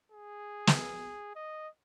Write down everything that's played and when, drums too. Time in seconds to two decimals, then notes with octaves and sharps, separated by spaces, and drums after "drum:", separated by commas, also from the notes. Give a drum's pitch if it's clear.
0.12 G#4
0.67 drum: snare
1.36 D#5